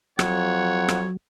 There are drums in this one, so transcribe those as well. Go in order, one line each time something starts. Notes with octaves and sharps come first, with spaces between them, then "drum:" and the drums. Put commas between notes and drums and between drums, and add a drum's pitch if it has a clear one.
F2 F#3 C#5 F#5, drum: rim click
drum: rim click